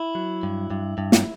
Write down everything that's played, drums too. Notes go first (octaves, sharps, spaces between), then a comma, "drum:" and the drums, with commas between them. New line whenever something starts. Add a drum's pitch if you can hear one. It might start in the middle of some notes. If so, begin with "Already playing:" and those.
Already playing: E4
F#3
G2
G2
G2
drum: snare